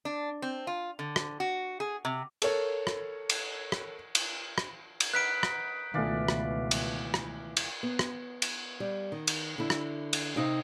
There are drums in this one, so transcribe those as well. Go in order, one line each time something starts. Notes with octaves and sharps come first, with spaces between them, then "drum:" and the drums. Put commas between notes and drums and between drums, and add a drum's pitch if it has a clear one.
D4
C4
F4
D3
drum: rim click
F#4
G#4
C3
A4 A#4 C#5, drum: cymbal
drum: rim click
drum: cymbal
drum: rim click
drum: cymbal
drum: rim click
drum: cymbal
D#4 B4 F#5 B5 F6 F#6 B6 D7
drum: rim click
C#2 B2 D#3 E3 A3 F4 D5
drum: rim click
drum: cymbal
drum: rim click
drum: cymbal
B3
drum: rim click
drum: cymbal
G3
D#3
drum: cymbal
D3 E4
drum: rim click
drum: cymbal
C3 D#4 F5 G5